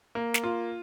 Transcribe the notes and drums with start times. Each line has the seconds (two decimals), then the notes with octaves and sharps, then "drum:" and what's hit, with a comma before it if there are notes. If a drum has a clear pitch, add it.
0.15 A#3
0.34 drum: snare
0.44 F4